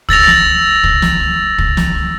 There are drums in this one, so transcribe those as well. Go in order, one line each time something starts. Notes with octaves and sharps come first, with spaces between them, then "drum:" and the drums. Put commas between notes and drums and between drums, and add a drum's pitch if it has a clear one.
E6 A6 A#6 F7, drum: kick
drum: snare
drum: kick
drum: snare
drum: kick
drum: snare